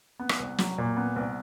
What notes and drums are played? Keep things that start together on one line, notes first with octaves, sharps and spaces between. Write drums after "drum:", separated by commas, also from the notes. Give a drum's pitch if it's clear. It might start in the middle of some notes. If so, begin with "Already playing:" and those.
B3
drum: rim click
C2
F#3, drum: snare
A#2
B3
C2